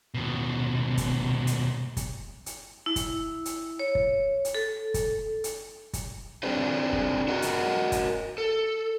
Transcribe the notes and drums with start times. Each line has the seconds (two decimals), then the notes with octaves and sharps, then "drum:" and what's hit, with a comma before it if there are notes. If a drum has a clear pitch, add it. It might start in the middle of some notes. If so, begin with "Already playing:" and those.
0.14 D#2 B2
0.97 drum: kick, hi-hat
1.47 drum: hi-hat
1.97 drum: kick, hi-hat
2.46 drum: hi-hat
2.86 E4
2.96 drum: kick, hi-hat
3.45 drum: hi-hat
3.79 C#5
3.95 drum: kick
4.45 drum: hi-hat
4.55 A4
4.94 drum: kick, hi-hat
5.44 drum: hi-hat
5.93 drum: kick, hi-hat
6.43 C4 D4 G#4 B4 C5
6.93 drum: kick
7.28 F#4 A#4 D#5 F#5
7.42 drum: hi-hat
7.92 drum: kick, hi-hat
8.38 A4